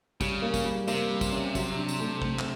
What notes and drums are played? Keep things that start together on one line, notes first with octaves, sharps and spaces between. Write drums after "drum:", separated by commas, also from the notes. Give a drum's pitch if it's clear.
C#3 G3, drum: kick, tambourine
A#3
drum: kick, tambourine
G3
C3 A#3, drum: tambourine
G3
drum: kick, tambourine
C#4
F#3, drum: kick, tambourine
D4
drum: tambourine
A3
A3, drum: kick
drum: clap